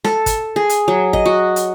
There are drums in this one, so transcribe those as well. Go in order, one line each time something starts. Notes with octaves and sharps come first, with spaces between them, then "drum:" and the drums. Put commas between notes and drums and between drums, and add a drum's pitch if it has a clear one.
A4, drum: snare
drum: kick, hi-hat
G#4
drum: hi-hat
F#3
D#5, drum: kick
F#4
drum: hi-hat